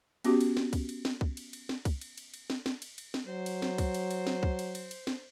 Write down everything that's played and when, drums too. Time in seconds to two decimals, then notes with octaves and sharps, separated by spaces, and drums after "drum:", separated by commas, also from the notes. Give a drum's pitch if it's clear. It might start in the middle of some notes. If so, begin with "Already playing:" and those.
0.24 B3 C#4 F#4 G4, drum: cymbal
0.41 drum: cymbal
0.57 drum: snare
0.73 drum: kick C2, cymbal
0.89 drum: cymbal
1.05 drum: snare
1.21 drum: kick C2
1.37 drum: cymbal
1.53 drum: cymbal
1.69 drum: snare
1.85 drum: kick C2, cymbal
2.01 drum: cymbal
2.18 drum: cymbal
2.34 drum: cymbal
2.50 drum: snare
2.66 drum: snare
2.82 drum: cymbal
2.98 drum: cymbal
3.14 drum: snare
3.27 F#3 C5
3.46 drum: cymbal
3.62 drum: snare
3.78 drum: kick C2, cymbal
3.94 drum: cymbal
4.11 drum: cymbal
4.27 drum: snare
4.43 drum: kick C2
4.59 drum: cymbal
4.75 drum: cymbal
4.91 drum: cymbal
5.07 drum: snare